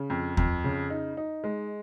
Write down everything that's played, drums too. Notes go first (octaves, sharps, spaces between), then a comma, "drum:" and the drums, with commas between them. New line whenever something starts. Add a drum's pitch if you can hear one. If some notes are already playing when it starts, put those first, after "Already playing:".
Already playing: C#3
F2
F2, drum: kick D#2
C#3
D#4
D#4
G#3